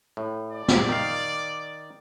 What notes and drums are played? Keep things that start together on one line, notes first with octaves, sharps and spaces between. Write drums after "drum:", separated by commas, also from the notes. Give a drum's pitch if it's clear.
A2
D5
drum: snare
D#3 F5